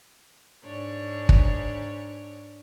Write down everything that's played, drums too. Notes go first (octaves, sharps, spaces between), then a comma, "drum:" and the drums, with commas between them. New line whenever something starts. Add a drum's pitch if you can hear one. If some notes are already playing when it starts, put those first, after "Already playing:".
G#2 D4 C#5
drum: kick